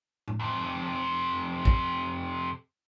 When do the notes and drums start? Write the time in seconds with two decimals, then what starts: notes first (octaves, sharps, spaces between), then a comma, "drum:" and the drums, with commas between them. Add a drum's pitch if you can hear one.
0.28 drum: tom A2
0.40 F2 C3
1.65 drum: kick